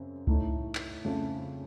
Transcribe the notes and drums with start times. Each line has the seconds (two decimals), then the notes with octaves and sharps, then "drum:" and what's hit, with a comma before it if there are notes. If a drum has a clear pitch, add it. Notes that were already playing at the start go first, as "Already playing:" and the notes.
Already playing: F#2 C#3 C4
0.27 A2 A3 D#4, drum: kick C2
0.75 drum: clap
1.05 F2 C#3 A3 C4 F4